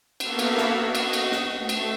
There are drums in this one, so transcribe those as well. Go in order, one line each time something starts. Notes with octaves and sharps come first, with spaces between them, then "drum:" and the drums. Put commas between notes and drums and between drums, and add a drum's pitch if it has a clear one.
A#3 B3 F#4 A4 E5 F5, drum: cymbal
drum: cymbal
drum: snare
F#4 D#5
drum: cymbal
drum: cymbal
drum: snare
A3
drum: cymbal